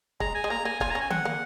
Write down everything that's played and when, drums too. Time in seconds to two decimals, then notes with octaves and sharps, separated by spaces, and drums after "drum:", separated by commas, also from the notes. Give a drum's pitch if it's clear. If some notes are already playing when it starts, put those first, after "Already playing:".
0.20 G#3 A#5, drum: kick
0.35 G#5
0.44 G#3
0.50 A#3 A#5
0.65 A#3 G#5
0.80 F4 G#5, drum: kick
0.91 A#5
0.95 C#4
1.01 G#5
1.10 C4 F#5, drum: tom D#3
1.25 A#3